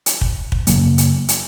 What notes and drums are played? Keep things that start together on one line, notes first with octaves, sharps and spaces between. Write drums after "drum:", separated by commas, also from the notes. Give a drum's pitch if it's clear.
drum: hi-hat
drum: kick
drum: kick
F#2 C#3 F#3 A#3, drum: hi-hat
drum: hi-hat
drum: hi-hat